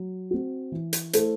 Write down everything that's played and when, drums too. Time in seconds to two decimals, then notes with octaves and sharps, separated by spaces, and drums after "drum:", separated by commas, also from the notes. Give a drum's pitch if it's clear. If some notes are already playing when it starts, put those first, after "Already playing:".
Already playing: F#3
0.31 C4 F#4
0.72 E3
0.93 drum: hi-hat
1.13 A3 E4 A4 C5, drum: hi-hat